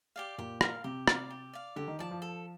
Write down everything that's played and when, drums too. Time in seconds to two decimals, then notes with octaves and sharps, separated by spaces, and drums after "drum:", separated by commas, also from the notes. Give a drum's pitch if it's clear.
0.16 G4 D5 F5
0.38 A#2 G4
0.61 A#4 F5, drum: rim click
0.84 C3 G4
1.08 D5 F5, drum: rim click
1.30 G4
1.53 D5 F5
1.76 D3 G4
1.87 D#3
1.99 F3 D5 A5
2.11 F3
2.22 A4